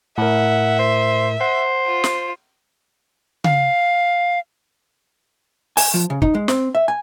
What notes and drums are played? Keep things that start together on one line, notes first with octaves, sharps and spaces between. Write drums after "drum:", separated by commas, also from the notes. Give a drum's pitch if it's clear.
A2 A#4 E5 F#5
C5
C5 F#5
F4
drum: snare
F5, drum: tom C#3
G#5, drum: open hi-hat
F3
C#3
D#4, drum: kick
G#3
C4, drum: snare
E5
G#5